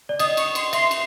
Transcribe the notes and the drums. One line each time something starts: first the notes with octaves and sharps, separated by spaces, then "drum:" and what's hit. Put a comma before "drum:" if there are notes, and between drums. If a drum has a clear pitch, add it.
D5
D#5 D#6, drum: cymbal
C#6, drum: cymbal
C6, drum: cymbal
E5 C6, drum: cymbal
drum: cymbal